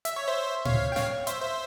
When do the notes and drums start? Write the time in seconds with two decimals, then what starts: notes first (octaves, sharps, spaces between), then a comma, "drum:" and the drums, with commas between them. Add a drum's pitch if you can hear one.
0.05 E5, drum: hi-hat
0.16 C#5
0.28 C5 E5
0.65 C#5 F5, drum: tom A2
0.92 G5
0.96 C#5 F5, drum: snare
1.27 C5 E5, drum: hi-hat
1.42 C5 E5